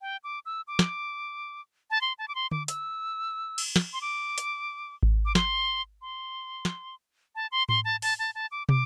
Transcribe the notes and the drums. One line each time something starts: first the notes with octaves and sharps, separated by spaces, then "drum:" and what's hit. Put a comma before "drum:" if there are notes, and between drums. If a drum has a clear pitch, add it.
G5
D6
E6
D6
drum: snare
A5
C6
A5
D6
C6
D6, drum: tom D3
E6, drum: hi-hat
drum: cymbal
drum: snare
C6
D6
drum: hi-hat
drum: kick G#1
D6
C6, drum: snare
C6
drum: snare
A5
C6
C6, drum: tom A2
A5
A5, drum: open hi-hat
A5
A5
D6
D6, drum: tom